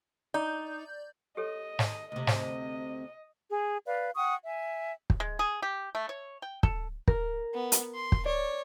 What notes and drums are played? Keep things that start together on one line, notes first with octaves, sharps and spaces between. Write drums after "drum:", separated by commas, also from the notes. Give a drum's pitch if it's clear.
D#4 D5 G6
G4 A4 C#5 D#5
drum: snare
D2 C3 D#5
drum: snare
G#4
B4 D5 F5
F#5 G5 C#6 D#6
E5 G#5
drum: kick
G#3
G#4
G4
A3
C#5
G5
A4, drum: kick
A#4, drum: kick
B3
drum: hi-hat
C6
drum: kick
C#5 D5